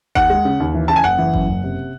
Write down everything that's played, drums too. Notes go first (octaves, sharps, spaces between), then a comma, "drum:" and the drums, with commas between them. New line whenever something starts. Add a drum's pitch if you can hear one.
D#2 F#5, drum: kick G1
G#3
C#3
D#2
E3
C#3 A5
G#5
F#1 F#5
E3
F#2, drum: kick G1
F#1
C3